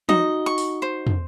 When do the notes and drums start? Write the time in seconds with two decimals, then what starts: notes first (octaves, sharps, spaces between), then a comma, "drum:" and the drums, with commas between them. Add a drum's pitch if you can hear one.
0.09 D#4 F#4 D#5, drum: tom
0.46 C#6
0.58 drum: open hi-hat
0.82 C5
1.07 drum: tom